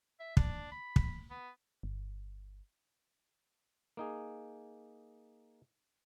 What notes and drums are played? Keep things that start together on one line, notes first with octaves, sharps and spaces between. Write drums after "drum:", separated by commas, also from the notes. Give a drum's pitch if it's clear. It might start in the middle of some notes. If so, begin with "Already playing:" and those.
E5
D4, drum: kick
B5
drum: kick
B3
G1
A#3 D#4 G#4